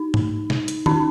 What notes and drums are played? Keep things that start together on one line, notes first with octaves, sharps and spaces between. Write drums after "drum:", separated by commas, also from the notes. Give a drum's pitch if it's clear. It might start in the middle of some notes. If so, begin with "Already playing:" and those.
Already playing: D#4
drum: tom G#2
drum: snare
drum: hi-hat
C#4 D#4, drum: tom D#3